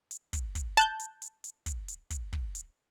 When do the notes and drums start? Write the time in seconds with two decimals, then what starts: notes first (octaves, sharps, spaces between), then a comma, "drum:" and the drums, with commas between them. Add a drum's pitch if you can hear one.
0.11 drum: hi-hat
0.33 drum: kick, hi-hat
0.55 drum: kick, hi-hat
0.77 A5 F#6 G6, drum: hi-hat
0.99 drum: hi-hat
1.22 drum: hi-hat
1.44 drum: hi-hat
1.66 drum: kick, hi-hat
1.88 drum: hi-hat
2.10 drum: kick, hi-hat
2.33 drum: kick
2.55 drum: hi-hat